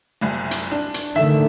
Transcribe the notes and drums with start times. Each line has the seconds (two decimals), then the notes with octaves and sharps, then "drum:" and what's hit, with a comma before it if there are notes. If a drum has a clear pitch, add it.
0.21 F#1 C2
0.51 drum: hi-hat
0.72 D4
0.94 drum: hi-hat
1.16 D3 D#3 A3 E5